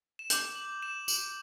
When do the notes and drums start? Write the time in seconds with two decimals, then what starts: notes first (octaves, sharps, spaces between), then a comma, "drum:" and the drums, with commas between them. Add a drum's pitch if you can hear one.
0.19 E7
0.30 D6 G6 F#7, drum: hi-hat
0.55 F#7
0.83 E7
1.08 F#7, drum: tambourine